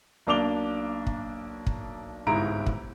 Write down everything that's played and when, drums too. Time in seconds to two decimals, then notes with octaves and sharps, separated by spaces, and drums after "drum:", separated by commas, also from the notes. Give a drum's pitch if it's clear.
0.27 B1 A#3 D4 D6 F7 G7
1.07 drum: kick
1.67 drum: kick
2.26 G1 C2 G#2 E4 A#5 D7
2.66 drum: kick